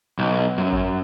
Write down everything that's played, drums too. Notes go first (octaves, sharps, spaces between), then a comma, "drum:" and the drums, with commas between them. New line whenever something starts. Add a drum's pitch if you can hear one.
B1
F#2
drum: kick G#1